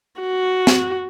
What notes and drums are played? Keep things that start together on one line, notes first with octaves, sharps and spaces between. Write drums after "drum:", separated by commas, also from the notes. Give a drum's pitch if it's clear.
F#4
drum: snare